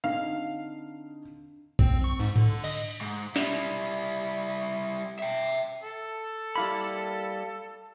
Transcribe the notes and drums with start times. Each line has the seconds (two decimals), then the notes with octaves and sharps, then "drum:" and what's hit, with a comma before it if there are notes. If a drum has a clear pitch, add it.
0.04 D3 C4 D#4 F5
1.79 C4, drum: kick
2.04 C#6
2.20 G#2
2.36 D3, drum: tom G#2
2.64 D#5, drum: cymbal
2.77 drum: hi-hat
3.01 G#2
3.36 G3 E4, drum: snare
5.19 E5 G5
5.83 A4
6.56 G3 A#3 E4 G4 F5 B5